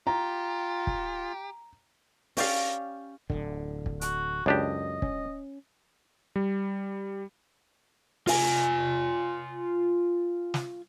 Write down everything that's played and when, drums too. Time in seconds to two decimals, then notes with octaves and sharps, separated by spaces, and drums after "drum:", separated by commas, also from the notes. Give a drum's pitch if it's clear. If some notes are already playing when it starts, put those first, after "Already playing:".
0.07 F4 G4 A#5
0.87 drum: kick
2.37 C#4 G4 D5 F5, drum: open hi-hat
3.30 D1 G1 D3, drum: kick
3.86 drum: kick
4.01 F#4, drum: hi-hat
4.46 C#2 F#2 D4 G4 D#5
5.02 C#4, drum: kick
6.36 G3
8.27 F4 G#5, drum: open hi-hat
10.54 drum: snare